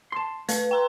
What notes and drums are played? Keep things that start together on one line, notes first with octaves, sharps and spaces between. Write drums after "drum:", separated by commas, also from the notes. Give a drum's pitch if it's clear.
A5 C6
A3 B4, drum: hi-hat
G5 A#5 C6